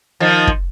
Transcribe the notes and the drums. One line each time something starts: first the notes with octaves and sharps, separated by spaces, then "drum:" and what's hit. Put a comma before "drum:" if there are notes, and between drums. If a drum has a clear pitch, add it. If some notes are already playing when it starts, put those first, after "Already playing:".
D#3 F3
drum: kick